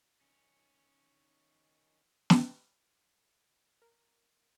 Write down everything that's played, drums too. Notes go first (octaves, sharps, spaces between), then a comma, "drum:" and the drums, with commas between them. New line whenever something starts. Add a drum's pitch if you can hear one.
D#3 C#4
drum: snare
A#4